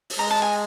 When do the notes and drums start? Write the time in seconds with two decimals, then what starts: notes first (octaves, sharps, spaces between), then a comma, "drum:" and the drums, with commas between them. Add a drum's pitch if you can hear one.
0.10 drum: open hi-hat
0.19 G#3 A#5
0.31 A5
0.42 G#5